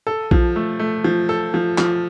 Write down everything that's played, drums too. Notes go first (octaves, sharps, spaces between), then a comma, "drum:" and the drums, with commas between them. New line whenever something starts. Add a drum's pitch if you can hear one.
A4
F3, drum: kick A#1
A3
A3
F3
A4
F3
F3, drum: clap